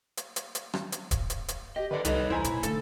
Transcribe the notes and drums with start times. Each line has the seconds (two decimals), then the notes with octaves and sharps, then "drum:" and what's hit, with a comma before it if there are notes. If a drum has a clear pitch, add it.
0.17 drum: hi-hat
0.36 drum: hi-hat
0.55 drum: hi-hat
0.74 drum: rim click
0.92 drum: hi-hat
1.11 drum: kick, hi-hat
1.30 drum: hi-hat
1.48 drum: hi-hat
1.76 G4 D#5
1.91 D#3 A4 B4 D5
2.05 C2 D#4 A4 B4 C#5 D#5, drum: hi-hat
2.30 E2 E4 C5 G#5 A#5
2.44 A#2, drum: hi-hat
2.63 D3 A3 A4, drum: hi-hat